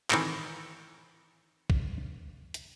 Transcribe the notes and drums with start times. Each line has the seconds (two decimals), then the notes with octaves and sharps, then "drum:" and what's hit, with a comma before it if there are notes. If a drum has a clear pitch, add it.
0.10 D#3 E3 C4 A4 A#4, drum: clap
1.70 drum: kick
2.54 drum: hi-hat